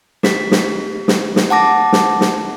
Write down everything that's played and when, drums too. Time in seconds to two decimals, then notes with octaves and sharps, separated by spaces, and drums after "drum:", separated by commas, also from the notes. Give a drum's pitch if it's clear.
0.23 G4 B6, drum: snare
0.52 drum: snare
1.08 drum: snare
1.36 drum: snare
1.50 F#5 A5 D6 A#6
1.93 drum: snare
2.21 drum: snare